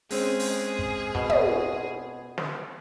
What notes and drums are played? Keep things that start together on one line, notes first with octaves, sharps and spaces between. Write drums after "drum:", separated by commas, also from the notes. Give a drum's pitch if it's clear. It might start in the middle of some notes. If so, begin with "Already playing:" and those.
G#3 C4 C#4 G#4, drum: open hi-hat
drum: open hi-hat
drum: kick
B2, drum: kick
drum: tom
drum: snare